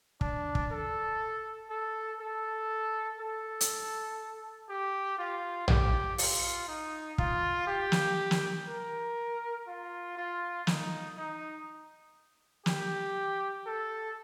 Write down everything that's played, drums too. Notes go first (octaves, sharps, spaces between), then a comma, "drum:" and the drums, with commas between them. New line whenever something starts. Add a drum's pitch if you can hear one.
D4, drum: kick
drum: kick
A4
A4
A4
A4
drum: hi-hat
G4
F4
G4, drum: tom A#1
F4, drum: open hi-hat
D#4
F4, drum: kick
G4
drum: snare
drum: snare
A#4
F4
F4
D#4, drum: snare
D#4
G4, drum: snare
A4